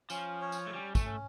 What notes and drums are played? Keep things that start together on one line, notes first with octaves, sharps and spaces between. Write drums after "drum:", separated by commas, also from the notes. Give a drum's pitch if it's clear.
F3 C#4, drum: tambourine
C#5
drum: tambourine
A3
G3 C#4
A3, drum: kick, tambourine
C#4